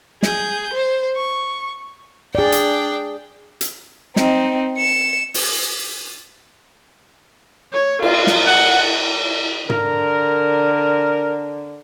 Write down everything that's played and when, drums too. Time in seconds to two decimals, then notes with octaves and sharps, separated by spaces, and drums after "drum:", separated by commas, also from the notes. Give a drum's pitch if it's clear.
0.23 G#4 G6, drum: snare
0.73 C5
1.16 C#6
2.35 D4 G#4 D5 G5
2.52 drum: hi-hat
3.61 drum: hi-hat
4.16 C4 D#4, drum: snare
4.78 C#7 E7
5.34 drum: open hi-hat
7.73 C#5
8.02 F4, drum: cymbal
8.27 drum: snare
8.46 F#5
9.70 D3 A#4, drum: tom